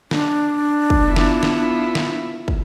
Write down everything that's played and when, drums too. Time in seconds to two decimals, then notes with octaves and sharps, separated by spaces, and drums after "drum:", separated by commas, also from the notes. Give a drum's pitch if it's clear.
0.11 D4, drum: snare
0.90 drum: kick
1.05 B3 E4 F4
1.16 drum: snare
1.43 drum: snare
1.95 drum: snare
2.48 drum: kick